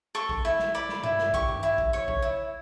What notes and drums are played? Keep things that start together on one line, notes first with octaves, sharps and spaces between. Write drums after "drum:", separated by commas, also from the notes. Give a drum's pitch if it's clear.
A4 C#6
drum: kick A#1
E4
drum: snare
D5 B5
drum: snare
E4, drum: tom G2
drum: snare
G4 C#6, drum: kick A#1
drum: tom G2
E4
drum: kick A#1
C#5 C#6
drum: kick A#1
E4